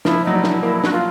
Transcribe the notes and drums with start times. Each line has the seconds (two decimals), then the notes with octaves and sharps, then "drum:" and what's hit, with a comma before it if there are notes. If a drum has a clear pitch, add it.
0.05 F3 E4, drum: snare
0.24 F#3 D#4
0.33 G3
0.44 E4, drum: snare
0.63 A#3 E4
0.84 F#4, drum: snare
0.92 F4